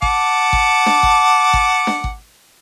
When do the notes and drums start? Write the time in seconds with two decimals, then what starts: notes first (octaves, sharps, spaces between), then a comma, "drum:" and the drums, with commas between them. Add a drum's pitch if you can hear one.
0.02 F#5 A5 D6, drum: kick G#1
0.53 drum: kick G#1
0.86 drum: snare D4
1.03 drum: kick G#1
1.53 drum: kick G#1
1.87 drum: snare D4
2.04 drum: kick G#1